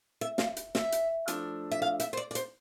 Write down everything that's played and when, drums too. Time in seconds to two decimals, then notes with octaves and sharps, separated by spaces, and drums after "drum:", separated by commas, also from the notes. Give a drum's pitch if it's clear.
0.21 E5
0.38 F5, drum: snare
0.57 drum: hi-hat
0.75 E5, drum: snare
0.92 drum: hi-hat
1.28 F3 A3 D4, drum: hi-hat
1.72 E5
1.82 F5
2.00 E5, drum: hi-hat
2.13 C5
2.17 D5
2.31 D5
2.35 C5, drum: hi-hat